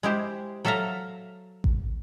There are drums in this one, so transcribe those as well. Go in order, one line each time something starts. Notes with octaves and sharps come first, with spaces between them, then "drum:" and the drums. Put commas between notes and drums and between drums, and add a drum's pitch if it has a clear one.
G#3 E4 G4 C5
F#3 A4 E5 F5 A#5
drum: kick A1